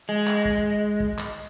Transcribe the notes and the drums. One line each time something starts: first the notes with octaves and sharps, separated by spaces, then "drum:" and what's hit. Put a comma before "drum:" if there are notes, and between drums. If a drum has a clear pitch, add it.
G#3
drum: clap
drum: kick
drum: kick
drum: clap